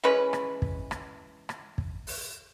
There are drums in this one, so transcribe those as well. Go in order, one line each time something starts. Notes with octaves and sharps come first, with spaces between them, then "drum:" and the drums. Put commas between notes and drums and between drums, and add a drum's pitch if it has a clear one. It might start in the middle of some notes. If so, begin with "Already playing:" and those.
E3 G#3 C#4 B4
drum: rim click
drum: kick
drum: rim click
drum: rim click
drum: kick
drum: open hi-hat